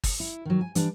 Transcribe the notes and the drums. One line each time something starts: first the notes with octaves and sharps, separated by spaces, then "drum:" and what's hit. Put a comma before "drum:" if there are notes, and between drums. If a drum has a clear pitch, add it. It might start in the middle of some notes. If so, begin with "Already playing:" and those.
drum: kick, open hi-hat
E4
D#3 F#3
G#5
E3 G3 D4, drum: hi-hat